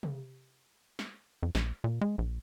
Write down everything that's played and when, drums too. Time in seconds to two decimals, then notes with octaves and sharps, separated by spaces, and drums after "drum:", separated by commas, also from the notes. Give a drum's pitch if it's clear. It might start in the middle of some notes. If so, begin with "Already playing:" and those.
0.03 drum: tom C3
0.99 drum: snare
1.43 F2
1.55 A#1, drum: snare
1.84 A#2
2.01 G#3
2.18 A#1